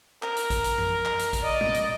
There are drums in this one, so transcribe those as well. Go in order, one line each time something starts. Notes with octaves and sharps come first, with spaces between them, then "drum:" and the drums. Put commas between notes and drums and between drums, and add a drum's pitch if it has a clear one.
A#4, drum: clap
drum: hi-hat
drum: kick A#1, hi-hat
drum: hi-hat
drum: tom F#2
drum: clap
drum: hi-hat
drum: kick A#1, hi-hat
D5 D#5
drum: tom
drum: hi-hat